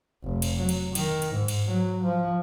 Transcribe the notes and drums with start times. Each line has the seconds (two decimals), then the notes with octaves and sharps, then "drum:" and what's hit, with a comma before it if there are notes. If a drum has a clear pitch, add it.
0.23 F1
0.42 drum: cymbal
0.57 F#3
0.69 drum: cymbal
0.95 D#3, drum: cymbal
1.22 drum: cymbal
1.33 G#2
1.48 drum: cymbal
1.68 F#3
2.05 F3